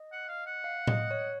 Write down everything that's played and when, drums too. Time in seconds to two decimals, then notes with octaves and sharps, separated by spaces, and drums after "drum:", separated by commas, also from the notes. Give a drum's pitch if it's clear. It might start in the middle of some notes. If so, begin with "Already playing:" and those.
Already playing: D#5
0.12 F#5
0.28 F5
0.46 F#5
0.64 F5
0.87 D#5, drum: tom A2
1.11 C#5